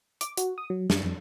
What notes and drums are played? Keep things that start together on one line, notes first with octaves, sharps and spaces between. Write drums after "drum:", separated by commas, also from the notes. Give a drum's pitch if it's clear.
D6, drum: hi-hat
F#4, drum: hi-hat
D#6
F#3
F#2, drum: snare
F2